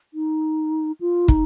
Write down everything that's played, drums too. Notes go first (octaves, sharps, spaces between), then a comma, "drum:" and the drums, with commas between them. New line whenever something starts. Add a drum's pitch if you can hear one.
D#4
F4
D#4, drum: kick